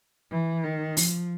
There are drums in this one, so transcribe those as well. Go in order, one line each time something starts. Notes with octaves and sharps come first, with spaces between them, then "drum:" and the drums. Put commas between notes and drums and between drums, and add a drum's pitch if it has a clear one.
E3
D#3
F3, drum: open hi-hat